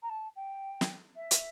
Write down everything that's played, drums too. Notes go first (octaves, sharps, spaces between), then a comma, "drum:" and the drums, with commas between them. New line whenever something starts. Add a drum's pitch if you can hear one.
A#5
A5
G5
drum: snare
E5
drum: hi-hat